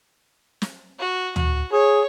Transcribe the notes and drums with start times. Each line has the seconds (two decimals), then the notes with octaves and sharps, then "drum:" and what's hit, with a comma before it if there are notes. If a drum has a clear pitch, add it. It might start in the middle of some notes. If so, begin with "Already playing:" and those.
0.62 drum: snare
0.99 F#4
1.36 F#4, drum: tom
1.72 G#4 C#5